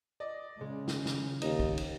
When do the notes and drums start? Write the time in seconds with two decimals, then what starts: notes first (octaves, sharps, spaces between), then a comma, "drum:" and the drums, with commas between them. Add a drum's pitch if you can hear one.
0.20 D5 D#5
0.61 C#3 G#3
0.88 drum: snare
1.06 drum: snare
1.42 D#2 D#4, drum: cymbal
1.60 drum: kick
1.78 drum: cymbal